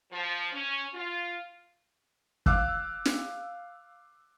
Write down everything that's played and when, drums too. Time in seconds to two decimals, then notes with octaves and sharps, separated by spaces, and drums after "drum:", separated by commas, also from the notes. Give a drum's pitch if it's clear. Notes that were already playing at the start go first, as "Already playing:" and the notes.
0.12 F3
0.53 C#4
0.94 F4
2.46 F5 D6 E6 F#6, drum: kick
3.05 drum: snare